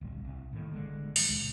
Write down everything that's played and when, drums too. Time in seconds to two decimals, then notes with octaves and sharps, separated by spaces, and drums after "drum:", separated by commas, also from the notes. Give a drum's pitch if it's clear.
0.01 D1 A#1 G3
0.25 C2
0.53 A2 D#3 A#3
0.73 G1 D3 G#3
1.16 E3 F#3 G#3, drum: open hi-hat
1.29 C#2 A#2